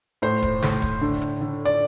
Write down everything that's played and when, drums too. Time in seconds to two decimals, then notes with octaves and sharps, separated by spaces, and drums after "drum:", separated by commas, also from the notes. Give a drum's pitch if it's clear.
0.22 A2 C5
0.42 drum: kick D1, hi-hat
0.62 A2, drum: snare
0.82 drum: kick D1, hi-hat
1.01 D3
1.21 drum: hi-hat
1.41 D3
1.65 D5